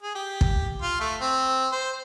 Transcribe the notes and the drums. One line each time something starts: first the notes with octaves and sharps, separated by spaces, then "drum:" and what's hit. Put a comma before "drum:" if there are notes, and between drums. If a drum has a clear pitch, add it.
G#4
G4
drum: kick
F4
A3
C4
C5